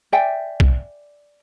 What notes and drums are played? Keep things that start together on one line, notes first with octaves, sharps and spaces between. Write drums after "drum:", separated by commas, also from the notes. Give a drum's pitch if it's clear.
D5 E5 G5 G#5
drum: kick B1